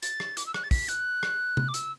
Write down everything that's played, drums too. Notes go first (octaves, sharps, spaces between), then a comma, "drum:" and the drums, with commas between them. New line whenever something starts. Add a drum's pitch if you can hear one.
A6, drum: hi-hat
drum: rim click
D6, drum: hi-hat
E6
F#6, drum: rim click
A6
B6, drum: kick, open hi-hat
F#6, drum: hi-hat
drum: rim click
drum: tom
D6
E6, drum: hi-hat